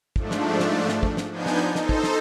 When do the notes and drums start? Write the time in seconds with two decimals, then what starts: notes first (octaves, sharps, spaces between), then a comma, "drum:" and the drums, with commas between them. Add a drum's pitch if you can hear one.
0.16 G#2 F3 A3 D4, drum: kick
0.31 drum: snare
0.60 drum: snare
0.89 drum: snare
1.03 drum: kick
1.17 drum: snare
1.32 F3 B3 D4 D#4 G#5 G6
1.46 drum: snare
1.75 D#4 A4 C5, drum: snare
1.89 drum: kick
2.04 drum: snare